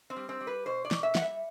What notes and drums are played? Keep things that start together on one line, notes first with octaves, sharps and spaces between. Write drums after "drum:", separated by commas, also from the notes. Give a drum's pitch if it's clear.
C4
G3
C4
G3
B4
B2 C5
D5
B2, drum: snare
E5
G3 F#5, drum: snare
E5